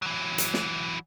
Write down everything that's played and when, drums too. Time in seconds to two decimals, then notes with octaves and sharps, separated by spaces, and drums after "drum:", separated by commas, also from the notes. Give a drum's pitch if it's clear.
0.02 E3 F#3
0.38 drum: hi-hat
0.54 drum: snare